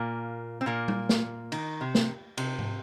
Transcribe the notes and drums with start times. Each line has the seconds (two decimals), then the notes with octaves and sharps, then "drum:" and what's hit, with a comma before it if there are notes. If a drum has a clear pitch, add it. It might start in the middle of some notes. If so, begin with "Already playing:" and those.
Already playing: A#2 A#3
0.61 C4
0.66 A#2 A#3
0.88 drum: tom G3
1.09 drum: snare
1.52 D#3, drum: cymbal
1.81 C3
1.95 drum: snare
2.37 C3, drum: cymbal
2.59 drum: tom G#2